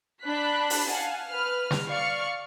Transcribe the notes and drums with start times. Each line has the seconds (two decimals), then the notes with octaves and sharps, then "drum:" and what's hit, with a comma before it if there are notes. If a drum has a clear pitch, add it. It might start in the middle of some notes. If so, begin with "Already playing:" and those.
0.24 D4 B5 F#6 B6
0.70 drum: open hi-hat
0.88 F5 F#5 G#5 A5
1.29 B4 F6
1.71 drum: snare
1.88 D5 F5 C#6 F6 C#7